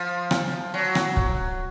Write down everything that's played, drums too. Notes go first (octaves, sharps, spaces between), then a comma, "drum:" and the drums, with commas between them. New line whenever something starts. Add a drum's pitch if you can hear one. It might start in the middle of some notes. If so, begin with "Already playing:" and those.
Already playing: F3
drum: rim click
F#3
drum: rim click
drum: kick